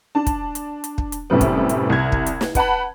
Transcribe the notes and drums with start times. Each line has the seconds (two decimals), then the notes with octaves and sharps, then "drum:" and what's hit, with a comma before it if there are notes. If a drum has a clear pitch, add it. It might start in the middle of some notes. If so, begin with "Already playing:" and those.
0.15 D4 A5
0.27 drum: kick, hi-hat
0.55 drum: hi-hat
0.84 drum: hi-hat
0.98 drum: kick
1.12 drum: hi-hat
1.30 F#2 A2 C3 G3 B3
1.41 drum: kick, hi-hat
1.69 drum: hi-hat
1.90 C2 G#6
2.12 drum: kick
2.26 drum: hi-hat
2.41 drum: snare
2.55 B4 F#5 A5 B5, drum: kick, hi-hat